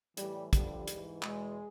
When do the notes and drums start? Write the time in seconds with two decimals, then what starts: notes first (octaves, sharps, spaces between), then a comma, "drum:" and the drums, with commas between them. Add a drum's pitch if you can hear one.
0.17 A2 E3 G3, drum: hi-hat
0.53 G2 D3 F3 G3, drum: kick, hi-hat
0.88 G#2 E3, drum: hi-hat
1.23 E2 B2 G#3, drum: clap